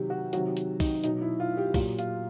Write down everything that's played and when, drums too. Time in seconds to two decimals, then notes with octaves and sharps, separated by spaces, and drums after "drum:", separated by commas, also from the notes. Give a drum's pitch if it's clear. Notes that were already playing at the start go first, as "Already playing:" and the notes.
Already playing: C3 D#3 F#3 G4
0.10 F#4
0.33 C3 D#3 F#3 F#4, drum: hi-hat
0.57 drum: hi-hat
0.80 D#4, drum: kick, open hi-hat
1.04 B2 F#3 D#4, drum: hi-hat
1.22 E4
1.40 F4
1.57 G4
1.74 A#2 F#3 G4, drum: kick, open hi-hat
1.99 F4, drum: hi-hat